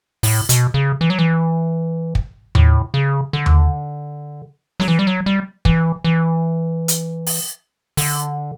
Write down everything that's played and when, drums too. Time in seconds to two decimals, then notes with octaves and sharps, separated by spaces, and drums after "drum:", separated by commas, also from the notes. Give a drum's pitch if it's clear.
0.23 A2, drum: open hi-hat
0.49 B2, drum: hi-hat
0.74 C#3
1.01 E3
1.10 F#3
1.19 E3
2.15 drum: kick
2.55 A2, drum: tom D#2
2.94 C#3
3.33 D3
3.46 drum: tom D#2
4.80 F#3, drum: snare
4.88 E3
4.99 G3
5.07 F#3
5.26 G3
5.65 E3, drum: kick
6.04 E3
6.88 drum: hi-hat
7.26 drum: open hi-hat
7.97 D3, drum: open hi-hat